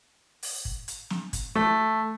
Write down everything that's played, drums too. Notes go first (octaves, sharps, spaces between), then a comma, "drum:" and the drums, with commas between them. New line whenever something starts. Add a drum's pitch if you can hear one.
drum: open hi-hat
drum: kick
drum: hi-hat
drum: snare
drum: kick, hi-hat
A3